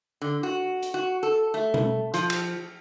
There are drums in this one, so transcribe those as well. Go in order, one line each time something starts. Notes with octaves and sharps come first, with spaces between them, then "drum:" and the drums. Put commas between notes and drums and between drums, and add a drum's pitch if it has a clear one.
D3
F#4
drum: hi-hat
F#4
A4
A3
drum: tom B2
F3, drum: hi-hat
drum: cymbal